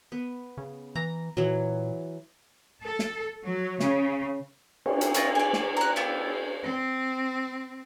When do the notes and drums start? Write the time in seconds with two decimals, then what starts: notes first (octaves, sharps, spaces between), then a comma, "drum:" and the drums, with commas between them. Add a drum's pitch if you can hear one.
0.12 B3
0.57 C#3
0.95 E3 A#5
1.37 A#2 E3 F#3
2.82 A4
2.99 drum: snare
3.45 F#3
3.80 C#3, drum: snare
4.86 drum: cymbal
5.01 drum: hi-hat
5.14 C#4 E4 F4 D#5, drum: hi-hat
5.35 D5 G#5
5.53 drum: snare
5.77 A#5 F#6
5.96 B3 E4 F4 G4
6.63 C4